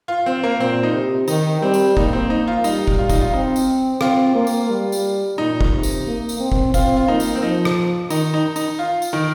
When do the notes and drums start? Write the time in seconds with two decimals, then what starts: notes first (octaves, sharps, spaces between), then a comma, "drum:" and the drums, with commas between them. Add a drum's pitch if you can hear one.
0.08 F4
0.26 C4
0.43 A#3
0.60 A#2 C4
0.83 D#4
0.94 C3
1.28 D#3 D#4, drum: tambourine
1.62 G3 C4
1.74 drum: tambourine
1.97 A#3 D#4, drum: kick
2.13 C4
2.30 D#4
2.47 F4
2.64 G3 D#4, drum: tambourine
2.88 drum: kick
2.99 F4
3.09 D#4, drum: kick, tambourine
3.21 F4
3.33 C4 D#4
3.56 drum: tambourine
4.01 C4 F4, drum: rim click
4.35 A#3
4.47 drum: tambourine
4.70 G3
4.92 drum: tambourine
5.38 A#2 D#4
5.61 drum: kick
5.73 C3
5.83 drum: tambourine
6.06 A#3
6.29 drum: tambourine
6.40 C4
6.52 drum: kick
6.74 C4 F4, drum: kick, tambourine
6.97 F4
7.08 A#3 D#4
7.20 drum: tambourine
7.35 C4
7.43 F3 D#4
7.65 drum: rim click
8.10 D#3 D#4, drum: tambourine
8.34 D#4
8.56 D#4, drum: tambourine
8.79 F4
9.02 drum: tambourine
9.13 D#3